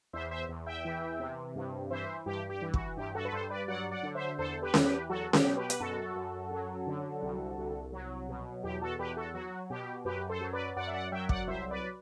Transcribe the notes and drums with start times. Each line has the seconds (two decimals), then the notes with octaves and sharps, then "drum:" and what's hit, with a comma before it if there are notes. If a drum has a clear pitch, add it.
0.13 E2 C5 E5
0.31 C5 E5
0.49 E2
0.66 E5 G5
0.85 E3
1.20 C3
1.55 G2
1.90 E3 C5 E5
2.26 G2 G4
2.50 G4
2.62 E3
2.74 F#4, drum: kick
2.97 G2 G4
3.15 F#4 A4
3.25 B4
3.32 G2 A4 C5
3.50 B4 D5
3.68 F#3 D5 F#5
3.91 D5 F#5
4.03 D3
4.15 C5 E5
4.38 E2 A4 C5
4.62 G4 B4
4.74 E2, drum: snare C#4
4.86 G4 B4
5.09 F#3 F#4 A4
5.33 G4, drum: snare C#4
5.45 B2
5.57 G4 B4
5.70 B4, drum: hi-hat
5.80 F#2 F#4 A4
6.16 F#2
6.51 F#3
6.87 D3
7.22 C2
7.58 C2
7.93 F#3
8.28 B2
8.64 E2 G4
8.81 F#4 A4
8.99 E2 G4 B4
9.16 F#4 A4
9.34 F#3 F#4
9.70 B2 G4
10.05 F#2 G4 B4
10.29 A4 C5
10.41 F#3
10.53 B4 D5
10.76 F#2 D5 F#5
10.87 E5
10.94 D5 F#5
11.12 F#3 E5 G5
11.29 D5 F#5, drum: kick
11.47 C2 C5 E5
11.70 B4 D5